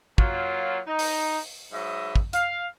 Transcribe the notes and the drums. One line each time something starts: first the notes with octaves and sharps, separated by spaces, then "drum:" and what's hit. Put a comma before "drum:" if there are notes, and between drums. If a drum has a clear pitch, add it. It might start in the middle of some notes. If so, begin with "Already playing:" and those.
F#3 A#3 F4, drum: kick
D#4
drum: open hi-hat
G#2 F#3 B4 D#5 E5
drum: kick
F5, drum: hi-hat